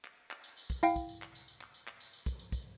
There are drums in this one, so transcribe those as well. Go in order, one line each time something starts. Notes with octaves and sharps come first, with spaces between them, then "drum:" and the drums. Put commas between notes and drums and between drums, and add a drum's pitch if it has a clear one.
drum: clap
drum: clap
drum: tambourine
drum: tambourine
drum: kick, tambourine
E4 F5 G5, drum: tambourine
drum: kick, tambourine
drum: tambourine
drum: clap
drum: tambourine
drum: tambourine
drum: clap
drum: tambourine
drum: clap
drum: tambourine
drum: tambourine
drum: kick, tambourine
drum: tambourine
drum: kick, tambourine